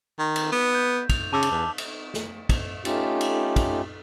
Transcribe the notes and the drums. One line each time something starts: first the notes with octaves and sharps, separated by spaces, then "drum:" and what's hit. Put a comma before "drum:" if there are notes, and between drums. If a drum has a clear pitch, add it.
D#3
drum: cymbal
B3
G6
F7, drum: kick, cymbal
C#3 A5 D6 E6
drum: cymbal
E2
drum: cymbal
drum: snare
drum: kick, cymbal
A3 C#4 D#4 F4 G4, drum: cymbal
drum: cymbal
drum: kick, cymbal